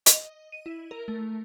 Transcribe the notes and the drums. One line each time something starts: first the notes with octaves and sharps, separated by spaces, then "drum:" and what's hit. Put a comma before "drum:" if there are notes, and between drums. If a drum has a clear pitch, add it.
D#5, drum: hi-hat
D#7
E4
A#4
A3